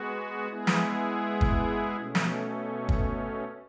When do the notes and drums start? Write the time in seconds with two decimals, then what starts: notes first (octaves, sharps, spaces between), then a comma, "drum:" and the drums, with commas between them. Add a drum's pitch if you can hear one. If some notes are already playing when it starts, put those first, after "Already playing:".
Already playing: G#3 B3 F#4
0.48 G#3 B3 E4 G#4
0.67 drum: snare
1.41 drum: kick
1.97 B2 A3 C#4
2.15 drum: snare
2.89 drum: kick